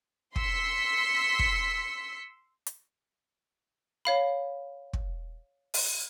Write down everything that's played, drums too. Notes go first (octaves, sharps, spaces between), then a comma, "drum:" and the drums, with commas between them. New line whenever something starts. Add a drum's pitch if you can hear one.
C6 E6 B6 C#7, drum: kick
drum: kick
drum: hi-hat
C#5 F5 B5
drum: kick
drum: open hi-hat